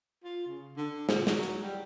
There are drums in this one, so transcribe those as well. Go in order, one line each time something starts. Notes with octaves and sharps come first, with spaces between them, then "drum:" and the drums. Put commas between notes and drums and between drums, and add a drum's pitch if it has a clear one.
F4
C#3
D3
A#2, drum: snare
F#3, drum: snare
drum: hi-hat
G3